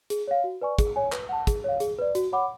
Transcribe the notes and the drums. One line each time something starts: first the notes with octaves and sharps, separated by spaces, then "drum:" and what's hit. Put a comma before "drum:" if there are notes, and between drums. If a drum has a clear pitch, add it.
G#4, drum: hi-hat
C#5 F5
F#4
B4 D5 G#5 C#6
G#4, drum: kick, hi-hat
C#5 G#5
B4, drum: clap
F#5 A5
G#4, drum: kick, hi-hat
C#5 F5
G#4, drum: hi-hat
B4 D5
F#4, drum: hi-hat
C#5 F#5 B5 D6